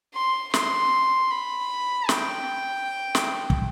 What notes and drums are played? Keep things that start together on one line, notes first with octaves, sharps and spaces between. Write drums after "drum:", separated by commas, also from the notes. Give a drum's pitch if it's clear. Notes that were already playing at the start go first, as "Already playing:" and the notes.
C6
C6, drum: snare
B5
G5, drum: snare
drum: snare
drum: kick